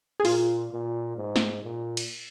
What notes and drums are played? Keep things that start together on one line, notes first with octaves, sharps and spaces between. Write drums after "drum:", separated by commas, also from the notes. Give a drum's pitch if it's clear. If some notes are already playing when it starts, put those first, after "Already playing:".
G#4
A#2 F4, drum: open hi-hat
A#2
G#2
drum: snare
A#2
drum: cymbal